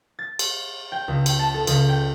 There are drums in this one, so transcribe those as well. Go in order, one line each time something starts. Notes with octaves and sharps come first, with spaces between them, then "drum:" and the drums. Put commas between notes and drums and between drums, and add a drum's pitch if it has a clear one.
A6
drum: cymbal
G5
C#2
G5, drum: cymbal
A5
A4
C#2, drum: cymbal
G5